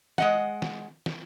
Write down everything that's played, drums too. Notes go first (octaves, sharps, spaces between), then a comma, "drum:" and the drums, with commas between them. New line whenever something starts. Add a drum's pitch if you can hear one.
G#3 D#5 F#5, drum: snare
drum: snare
drum: snare